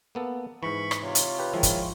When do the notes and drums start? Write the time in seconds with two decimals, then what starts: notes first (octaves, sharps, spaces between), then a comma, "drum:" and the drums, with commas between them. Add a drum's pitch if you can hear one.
0.15 A#3 B3 A4
0.63 G#2 E3 B5 C#6
0.91 drum: rim click
1.02 C3 F4 C#5
1.15 drum: hi-hat
1.39 G4 B4
1.54 D#3 F3 G#3 E4
1.63 drum: kick, hi-hat